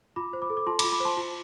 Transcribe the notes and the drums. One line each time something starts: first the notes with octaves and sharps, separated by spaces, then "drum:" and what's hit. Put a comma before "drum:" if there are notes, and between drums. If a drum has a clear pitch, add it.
F4 B5 D6
C5
B5 D6
A4
D6
F4 A5 C6
B5 D6, drum: cymbal
F4
B5 D6
C5 A5 C6
F4